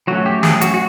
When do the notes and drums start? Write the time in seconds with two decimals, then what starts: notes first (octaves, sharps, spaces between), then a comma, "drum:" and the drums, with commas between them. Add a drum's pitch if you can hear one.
0.07 F#3 A3 C#4 F#4
0.26 G4
0.43 G#4, drum: snare
0.61 F#4, drum: hi-hat
0.74 F#4